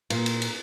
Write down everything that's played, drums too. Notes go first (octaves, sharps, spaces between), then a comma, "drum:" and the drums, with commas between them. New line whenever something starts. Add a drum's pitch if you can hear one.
A#2, drum: cymbal
drum: cymbal
drum: cymbal